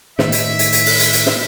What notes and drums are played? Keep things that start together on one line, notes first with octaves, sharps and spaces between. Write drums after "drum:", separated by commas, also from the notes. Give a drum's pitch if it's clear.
A2 D#3 E5, drum: snare
drum: hi-hat
drum: hi-hat
drum: hi-hat
drum: open hi-hat
drum: hi-hat
drum: hi-hat
drum: snare